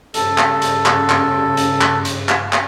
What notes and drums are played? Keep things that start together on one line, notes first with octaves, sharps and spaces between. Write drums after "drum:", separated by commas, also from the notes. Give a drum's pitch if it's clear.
G2 C#3 A4, drum: hi-hat
drum: clap
drum: hi-hat
drum: clap
drum: clap
drum: hi-hat
drum: clap
drum: hi-hat
drum: clap
drum: clap